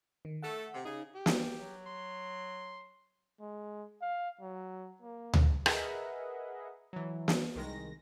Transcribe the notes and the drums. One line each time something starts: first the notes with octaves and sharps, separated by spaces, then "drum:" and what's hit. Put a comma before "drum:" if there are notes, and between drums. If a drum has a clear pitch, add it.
D#3
A3 A4 F#5
C3
C#3 D#4 G#4
G4
drum: snare
F#3
C6
G#3
F5
F#3
A#3
drum: tom D2
G#4 A#4 B4 D#5 E5 F#5, drum: rim click
E3 F#3
drum: snare
C2 D#3 G#3 A#6